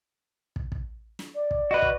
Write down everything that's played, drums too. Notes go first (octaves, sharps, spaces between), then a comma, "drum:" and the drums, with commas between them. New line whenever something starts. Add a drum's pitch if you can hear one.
drum: kick
drum: kick
drum: snare
D5
drum: kick
F#4 B4 D#5
drum: kick